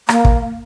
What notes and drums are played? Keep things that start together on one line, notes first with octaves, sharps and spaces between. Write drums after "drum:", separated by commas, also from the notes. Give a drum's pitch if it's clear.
A#3, drum: rim click
drum: kick